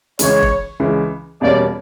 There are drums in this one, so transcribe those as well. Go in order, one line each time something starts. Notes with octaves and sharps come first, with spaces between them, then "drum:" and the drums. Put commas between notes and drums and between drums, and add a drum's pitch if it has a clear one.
C#2 C#3 E3 G#3 C#5, drum: hi-hat
drum: kick
C#2 C#3 E3 G#3
E2 B2 G3 A#3 C#4 D5